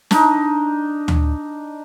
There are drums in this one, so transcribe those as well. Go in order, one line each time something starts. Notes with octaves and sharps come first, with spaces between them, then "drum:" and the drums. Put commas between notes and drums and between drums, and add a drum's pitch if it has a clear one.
D4 D#4, drum: snare
drum: tom